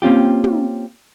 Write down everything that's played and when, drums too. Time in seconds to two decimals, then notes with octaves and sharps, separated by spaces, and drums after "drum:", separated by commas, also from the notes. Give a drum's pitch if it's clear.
0.02 A#3 C4 C#4 F4 G4
0.44 drum: tom